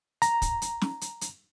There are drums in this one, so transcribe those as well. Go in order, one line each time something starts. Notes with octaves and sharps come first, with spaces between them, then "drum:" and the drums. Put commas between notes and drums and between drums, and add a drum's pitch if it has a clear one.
A#5, drum: hi-hat
drum: kick, hi-hat
drum: hi-hat
drum: snare
drum: hi-hat
drum: hi-hat